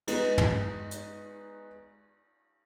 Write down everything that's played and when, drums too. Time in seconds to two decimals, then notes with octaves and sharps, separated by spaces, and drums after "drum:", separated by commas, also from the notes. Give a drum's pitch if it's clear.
0.08 G#3 B3 D#4, drum: cymbal
0.38 drum: tom
0.91 drum: hi-hat